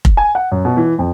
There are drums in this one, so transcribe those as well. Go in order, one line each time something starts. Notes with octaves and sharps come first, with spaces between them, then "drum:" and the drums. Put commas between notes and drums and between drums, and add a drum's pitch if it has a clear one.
drum: kick F1
G#5
F#5
F#2
B2
E3
F2